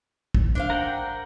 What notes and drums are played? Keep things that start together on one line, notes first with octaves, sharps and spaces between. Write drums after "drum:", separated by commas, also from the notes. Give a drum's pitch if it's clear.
drum: kick
D4 C5 F5
A#4 F#5 G5